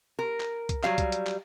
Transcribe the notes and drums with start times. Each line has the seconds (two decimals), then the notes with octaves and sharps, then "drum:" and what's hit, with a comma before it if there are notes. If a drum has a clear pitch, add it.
0.19 A#4
0.40 drum: clap
0.69 drum: kick C2, hi-hat
0.84 F#3 G3 F5, drum: clap
0.98 drum: kick C2, hi-hat
1.12 drum: hi-hat
1.27 drum: clap